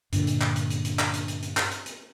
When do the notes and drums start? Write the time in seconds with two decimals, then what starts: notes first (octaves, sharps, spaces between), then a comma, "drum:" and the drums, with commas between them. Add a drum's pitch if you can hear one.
0.12 G2 A#2 D3, drum: hi-hat
0.27 drum: hi-hat
0.41 drum: clap
0.56 drum: hi-hat
0.70 drum: hi-hat
0.85 drum: hi-hat
0.99 drum: clap
1.14 drum: hi-hat
1.28 drum: hi-hat
1.42 drum: hi-hat
1.57 drum: clap
1.71 drum: hi-hat
1.86 drum: hi-hat